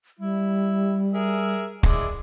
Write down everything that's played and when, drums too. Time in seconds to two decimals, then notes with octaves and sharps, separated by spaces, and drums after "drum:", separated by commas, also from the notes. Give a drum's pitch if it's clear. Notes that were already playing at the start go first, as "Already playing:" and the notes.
0.20 G3 E4
1.14 G#4 A#4 E5
1.83 G#3 E4 D5, drum: kick